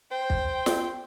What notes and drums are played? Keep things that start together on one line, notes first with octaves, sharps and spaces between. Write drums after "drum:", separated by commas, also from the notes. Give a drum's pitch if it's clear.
C5 G5
drum: kick
drum: snare